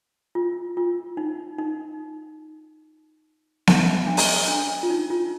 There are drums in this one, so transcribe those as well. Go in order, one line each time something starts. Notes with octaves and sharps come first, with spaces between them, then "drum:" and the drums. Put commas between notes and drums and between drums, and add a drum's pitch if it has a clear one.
F4
F4
D#4
D#4
drum: snare B3
D4
drum: open hi-hat
D4
F4
D#4
F4